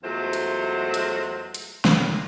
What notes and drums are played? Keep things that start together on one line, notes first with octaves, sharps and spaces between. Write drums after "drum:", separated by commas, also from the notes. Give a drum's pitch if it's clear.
E2 F#3 G#3 A3 F4 C5
drum: hi-hat
drum: hi-hat
drum: hi-hat
drum: snare